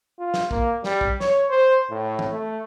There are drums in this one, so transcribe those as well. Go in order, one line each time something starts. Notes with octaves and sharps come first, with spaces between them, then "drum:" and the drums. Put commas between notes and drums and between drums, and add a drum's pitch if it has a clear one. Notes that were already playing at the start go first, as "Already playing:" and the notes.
F4
drum: snare
A#3, drum: kick
G3, drum: snare
drum: kick
C#5, drum: snare
C5
A2
drum: tom
A3